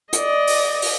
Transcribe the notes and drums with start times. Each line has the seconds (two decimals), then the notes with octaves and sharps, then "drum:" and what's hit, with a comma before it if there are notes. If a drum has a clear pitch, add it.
0.13 D5 D#5, drum: hi-hat
0.47 drum: open hi-hat
0.82 drum: open hi-hat